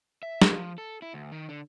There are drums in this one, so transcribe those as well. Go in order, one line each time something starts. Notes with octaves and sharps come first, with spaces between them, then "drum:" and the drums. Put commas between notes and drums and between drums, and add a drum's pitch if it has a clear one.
E5
F3, drum: snare
A4
E4
D2
D#3
D3